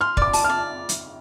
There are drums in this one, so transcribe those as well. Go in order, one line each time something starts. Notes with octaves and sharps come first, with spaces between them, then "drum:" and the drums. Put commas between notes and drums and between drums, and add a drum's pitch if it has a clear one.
C6 F6
D5 D6, drum: kick
A5, drum: open hi-hat
F6
D5
drum: hi-hat